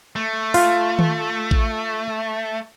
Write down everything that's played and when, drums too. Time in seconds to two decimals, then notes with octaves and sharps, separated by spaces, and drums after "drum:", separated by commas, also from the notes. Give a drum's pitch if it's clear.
0.16 A3
0.54 F4, drum: open hi-hat
0.99 drum: tom D#3
1.51 drum: kick A1